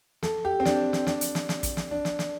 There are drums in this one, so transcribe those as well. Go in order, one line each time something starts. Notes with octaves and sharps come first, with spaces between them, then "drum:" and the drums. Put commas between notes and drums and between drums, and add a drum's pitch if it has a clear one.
A4, drum: snare
G4
C4
D4, drum: snare
drum: snare
D4, drum: snare
drum: hi-hat
drum: snare
drum: snare
drum: kick, hi-hat
drum: snare
D4
drum: snare
drum: snare